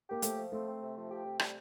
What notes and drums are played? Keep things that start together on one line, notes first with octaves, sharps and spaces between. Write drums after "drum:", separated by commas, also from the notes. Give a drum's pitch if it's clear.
A#3 G4
F3 A3, drum: hi-hat
F3
A3 C4
C4
C3
F3
G4
C3
G3, drum: rim click